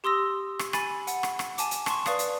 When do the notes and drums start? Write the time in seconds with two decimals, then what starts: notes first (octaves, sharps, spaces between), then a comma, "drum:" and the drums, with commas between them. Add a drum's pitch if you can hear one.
0.04 G4 C6 D#6 E6 A#6
0.59 drum: rim click
0.73 G#5 B5 A6 D#7, drum: rim click
1.07 F#5, drum: hi-hat
1.23 drum: rim click
1.39 drum: rim click
1.58 G#5 A5 D6, drum: hi-hat
1.71 drum: hi-hat
1.86 A5 C6 C#6, drum: rim click
2.06 B4 D5 F5 D#6, drum: rim click
2.19 drum: hi-hat